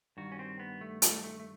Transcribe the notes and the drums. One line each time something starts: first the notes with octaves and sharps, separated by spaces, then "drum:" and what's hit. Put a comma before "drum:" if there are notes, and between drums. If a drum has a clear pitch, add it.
G2 D#3 F#4
C#4
C4
B3
A3
A3, drum: hi-hat
A3
A3